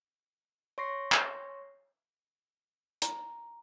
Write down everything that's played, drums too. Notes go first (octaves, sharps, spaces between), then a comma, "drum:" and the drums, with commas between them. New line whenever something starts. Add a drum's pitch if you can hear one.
C#5 C6 C#6 A#6 C7
drum: clap
A#5, drum: hi-hat